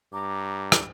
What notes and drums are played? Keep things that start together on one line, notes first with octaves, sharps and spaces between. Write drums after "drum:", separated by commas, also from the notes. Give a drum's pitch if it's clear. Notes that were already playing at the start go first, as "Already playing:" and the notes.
G2 A#5 D6
drum: rim click